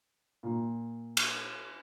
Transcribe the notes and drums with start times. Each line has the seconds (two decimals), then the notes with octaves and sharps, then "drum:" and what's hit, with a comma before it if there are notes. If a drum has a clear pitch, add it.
0.43 A#2
1.17 drum: cymbal